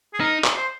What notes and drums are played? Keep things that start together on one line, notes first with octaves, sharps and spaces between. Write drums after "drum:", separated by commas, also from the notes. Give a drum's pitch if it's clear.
G#4
D#4 A#4
drum: clap
C5